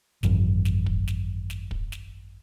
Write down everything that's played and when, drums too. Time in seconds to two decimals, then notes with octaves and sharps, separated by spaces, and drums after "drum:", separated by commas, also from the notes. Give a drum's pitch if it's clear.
0.23 G#1 F#2 E3, drum: snare
0.65 drum: snare
0.86 drum: kick
1.08 drum: snare
1.50 drum: snare
1.71 drum: kick
1.92 drum: snare